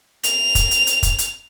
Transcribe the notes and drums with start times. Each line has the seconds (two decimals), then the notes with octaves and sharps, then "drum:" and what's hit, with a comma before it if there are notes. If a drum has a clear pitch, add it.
0.24 F7, drum: hi-hat
0.55 drum: kick, hi-hat
0.71 drum: hi-hat
0.87 drum: hi-hat
1.03 drum: kick, hi-hat
1.18 drum: hi-hat